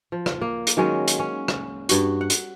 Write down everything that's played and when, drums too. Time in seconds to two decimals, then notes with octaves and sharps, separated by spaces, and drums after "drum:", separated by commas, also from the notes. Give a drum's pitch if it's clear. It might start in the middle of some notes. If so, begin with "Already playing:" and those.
0.12 F3
0.26 drum: rim click
0.42 A#3
0.67 drum: hi-hat
0.77 D#3 F#3 G#3 C#4
1.08 drum: hi-hat
1.19 C#4
1.48 drum: rim click
1.89 G2 F#4, drum: hi-hat
2.21 F#5
2.30 drum: hi-hat